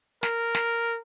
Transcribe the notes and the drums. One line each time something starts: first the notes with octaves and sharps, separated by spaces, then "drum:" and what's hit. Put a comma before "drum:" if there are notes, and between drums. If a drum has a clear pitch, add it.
A#4, drum: snare
drum: snare